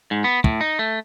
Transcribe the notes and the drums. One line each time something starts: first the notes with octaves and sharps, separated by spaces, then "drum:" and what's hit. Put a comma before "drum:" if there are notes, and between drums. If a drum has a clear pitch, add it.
G#2
B3
A2, drum: kick
D#4
A3